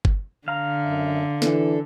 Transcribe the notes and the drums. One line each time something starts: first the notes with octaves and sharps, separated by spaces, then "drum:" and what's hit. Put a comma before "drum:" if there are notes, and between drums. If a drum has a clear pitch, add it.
drum: kick G1
D3 F5 A#5
F#2 E5
E3 D4 A4, drum: snare